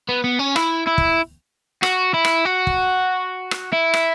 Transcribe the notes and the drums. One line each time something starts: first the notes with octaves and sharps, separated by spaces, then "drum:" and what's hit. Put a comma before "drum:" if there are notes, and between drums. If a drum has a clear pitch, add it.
B3
B3
C#4
E4, drum: rim click
E4
drum: kick
F#4, drum: rim click
E4
drum: rim click
F#4
drum: kick
drum: rim click
E4
drum: rim click